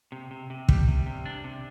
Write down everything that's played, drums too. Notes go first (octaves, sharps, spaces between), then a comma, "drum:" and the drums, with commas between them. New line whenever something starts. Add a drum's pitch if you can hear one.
C3
C3
C3
G3, drum: kick
C3
C3
D4
C3